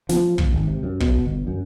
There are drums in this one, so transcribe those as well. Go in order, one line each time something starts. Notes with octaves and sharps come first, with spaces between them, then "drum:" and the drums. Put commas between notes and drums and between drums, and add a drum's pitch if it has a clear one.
F3, drum: snare
D1, drum: kick
G#1
C3
F#2
B2, drum: kick
G1
F#2